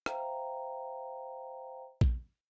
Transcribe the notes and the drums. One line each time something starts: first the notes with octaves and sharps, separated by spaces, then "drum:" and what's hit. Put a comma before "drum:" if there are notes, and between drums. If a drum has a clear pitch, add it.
C5 E5 F5 G5 A#5, drum: rim click
drum: kick A#1